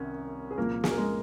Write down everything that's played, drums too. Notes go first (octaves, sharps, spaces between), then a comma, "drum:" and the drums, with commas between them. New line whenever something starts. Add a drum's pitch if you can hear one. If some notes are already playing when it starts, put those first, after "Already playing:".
Already playing: C2 C3 D#3 C#4
G#4
C2 A#2 F3 A#3 A#4
G#4, drum: snare
A#4
G#3 G#4